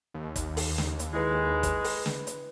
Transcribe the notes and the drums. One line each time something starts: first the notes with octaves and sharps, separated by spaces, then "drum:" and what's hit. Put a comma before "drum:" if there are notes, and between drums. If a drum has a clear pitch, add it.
D#2
drum: kick, hi-hat
drum: open hi-hat
drum: snare
drum: hi-hat
G#3 E4 B4
drum: kick, hi-hat
drum: open hi-hat
drum: snare
drum: hi-hat